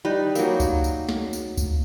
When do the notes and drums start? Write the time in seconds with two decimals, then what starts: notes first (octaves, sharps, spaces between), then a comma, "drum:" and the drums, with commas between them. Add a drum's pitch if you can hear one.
0.05 G3 D#4 B4
0.35 F#3 A#3, drum: tambourine
0.60 drum: kick C#2, tambourine
0.84 drum: tambourine
1.09 drum: snare
1.33 drum: tambourine
1.57 drum: kick C#2, tambourine